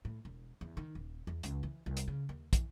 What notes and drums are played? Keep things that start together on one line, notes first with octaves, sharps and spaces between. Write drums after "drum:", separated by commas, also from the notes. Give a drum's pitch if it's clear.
A2
E1
E2
D#3
D#1
E2
C#2, drum: hi-hat
E3
C2
drum: hi-hat
C#3
D#2
E3, drum: kick, hi-hat